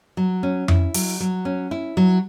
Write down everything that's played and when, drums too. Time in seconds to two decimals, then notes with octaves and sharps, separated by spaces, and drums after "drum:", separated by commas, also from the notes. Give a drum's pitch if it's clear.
0.17 F#3
0.43 C#4
0.68 E4, drum: tom F2
0.94 F#3, drum: open hi-hat
1.20 F#3
1.45 C#4
1.71 E4
1.97 F#3